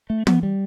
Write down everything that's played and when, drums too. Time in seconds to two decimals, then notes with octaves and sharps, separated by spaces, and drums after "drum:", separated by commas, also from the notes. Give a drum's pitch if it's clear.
0.10 A3
0.27 B3, drum: tom
0.43 G3